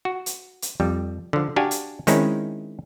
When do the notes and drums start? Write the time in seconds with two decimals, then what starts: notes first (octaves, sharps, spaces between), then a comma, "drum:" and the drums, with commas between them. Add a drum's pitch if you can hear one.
0.05 F#4
0.26 drum: hi-hat
0.62 drum: hi-hat
0.80 F2 G3
1.33 D3 F3
1.56 D4 F#4 G4 F5 G#5
1.71 drum: hi-hat
2.07 D#3 G#3 C4 C#4 D#4 E4, drum: hi-hat